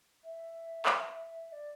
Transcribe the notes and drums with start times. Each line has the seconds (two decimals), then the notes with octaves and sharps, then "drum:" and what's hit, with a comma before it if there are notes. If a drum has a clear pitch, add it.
0.24 E5
0.86 drum: clap
1.48 E5
1.52 D5